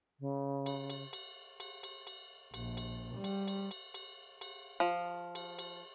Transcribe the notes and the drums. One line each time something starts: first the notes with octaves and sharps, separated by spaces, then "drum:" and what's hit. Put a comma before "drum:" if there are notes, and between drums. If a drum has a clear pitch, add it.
C#3
drum: cymbal
drum: cymbal
drum: cymbal
drum: cymbal
drum: cymbal
drum: cymbal
A#1, drum: cymbal
drum: cymbal
G3
drum: cymbal
drum: cymbal
drum: cymbal
drum: cymbal
drum: cymbal
F3
drum: cymbal
drum: cymbal